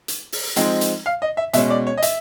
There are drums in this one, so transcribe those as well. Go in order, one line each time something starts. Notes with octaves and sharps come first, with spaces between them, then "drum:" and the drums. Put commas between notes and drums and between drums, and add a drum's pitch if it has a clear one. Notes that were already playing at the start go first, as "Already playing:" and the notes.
drum: hi-hat
drum: open hi-hat
F3 G#3 C4 D#4, drum: hi-hat
drum: hi-hat
F5
D#5
E5
B2 G#3 C#4 E5, drum: hi-hat
D5
C#5
D#5
E5, drum: hi-hat